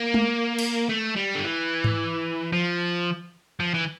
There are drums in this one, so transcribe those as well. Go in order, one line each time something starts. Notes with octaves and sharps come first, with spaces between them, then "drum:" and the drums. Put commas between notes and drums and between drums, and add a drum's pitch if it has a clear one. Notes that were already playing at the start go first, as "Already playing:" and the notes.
Already playing: A#3
drum: tom G#3
drum: cymbal
A3
G3
D3
E3
drum: tom G#2
F3
F3
E3